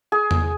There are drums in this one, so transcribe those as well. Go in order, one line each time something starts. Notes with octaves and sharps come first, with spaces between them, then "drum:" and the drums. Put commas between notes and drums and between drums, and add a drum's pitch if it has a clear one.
G#4
drum: tom E2